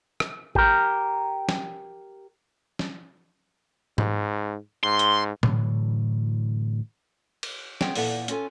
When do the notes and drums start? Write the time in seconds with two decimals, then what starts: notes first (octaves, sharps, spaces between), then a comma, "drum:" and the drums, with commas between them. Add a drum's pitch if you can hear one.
0.20 drum: rim click
0.55 G4 A#4, drum: kick G#1
1.49 drum: snare
2.79 drum: snare
3.98 G#2, drum: tom G#2
4.84 G#2 C6
4.99 drum: hi-hat
5.43 A2 D3 E3 F#3, drum: tom A#2
7.43 drum: cymbal
7.81 B3 C4 G#4 C#5 G5, drum: snare
7.95 E2 A#2 E4 A4 F#5, drum: open hi-hat
8.28 C#4 F4 A4 G#5, drum: hi-hat